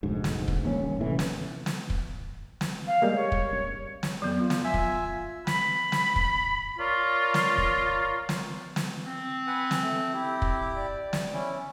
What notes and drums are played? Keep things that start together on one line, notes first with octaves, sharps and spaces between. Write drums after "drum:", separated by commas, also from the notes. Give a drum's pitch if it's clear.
F1 D2 G#2
drum: snare
drum: kick
D#1 D#2 C#4
A1 C3 E3 A3
drum: snare
drum: snare
drum: kick
drum: snare
F5
G3 G#3 A#3
C#5
drum: kick
drum: snare
F2 F#3 B3
F4
drum: snare
E5 G#5
drum: kick
B5, drum: snare
drum: snare
drum: kick
F4 A#4 C#5 D5
drum: snare
drum: kick
drum: snare
drum: snare
C4
B4 F#5 G#5
drum: snare
A3
C4 E4 G4
drum: kick
D5
drum: snare
C#4 E4